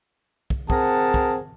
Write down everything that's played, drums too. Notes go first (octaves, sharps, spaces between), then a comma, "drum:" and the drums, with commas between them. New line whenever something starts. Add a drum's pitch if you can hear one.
drum: kick
C4 G#4 A#4 F#5 A5, drum: kick
drum: kick